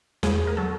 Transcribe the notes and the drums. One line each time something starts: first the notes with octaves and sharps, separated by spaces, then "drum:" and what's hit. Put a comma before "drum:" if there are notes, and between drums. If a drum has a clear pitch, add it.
E2 G#4, drum: snare
A#4
F#3 A4